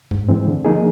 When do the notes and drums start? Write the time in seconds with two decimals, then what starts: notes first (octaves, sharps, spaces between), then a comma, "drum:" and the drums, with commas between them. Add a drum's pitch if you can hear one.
0.11 G#2, drum: tom F#2
0.29 E3 G#3 C4
0.47 D3
0.65 F3 A#3 D#4 G#4